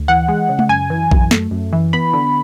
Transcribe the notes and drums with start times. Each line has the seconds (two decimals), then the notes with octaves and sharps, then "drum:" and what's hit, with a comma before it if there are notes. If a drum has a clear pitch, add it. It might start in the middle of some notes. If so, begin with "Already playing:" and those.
Already playing: D2
0.08 E3 F#5
0.28 G#3
0.49 C#3
0.59 drum: tom G#3
0.69 F#2 G#5
0.90 E3
1.11 F#2, drum: kick A#1
1.31 A3, drum: snare
1.51 F#2
1.73 E3
1.93 B3 B5
2.13 D3